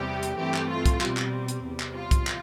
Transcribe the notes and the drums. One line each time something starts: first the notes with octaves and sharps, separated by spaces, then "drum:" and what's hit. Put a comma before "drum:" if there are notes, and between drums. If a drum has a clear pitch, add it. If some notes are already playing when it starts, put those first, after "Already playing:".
Already playing: E2 C3 G3 B3 G4
drum: hi-hat
G2 E3 A3 C4 G4
drum: clap
F4
drum: kick C2, hi-hat
B2 G3 C4, drum: clap
drum: clap
drum: hi-hat
E2 C3 G3
drum: clap
F4
drum: kick C2, hi-hat
drum: clap